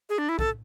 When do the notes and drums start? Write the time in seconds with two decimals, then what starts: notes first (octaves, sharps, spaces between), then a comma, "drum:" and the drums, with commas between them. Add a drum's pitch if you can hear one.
0.09 G#4
0.18 D4
0.29 E4
0.39 A4, drum: kick B1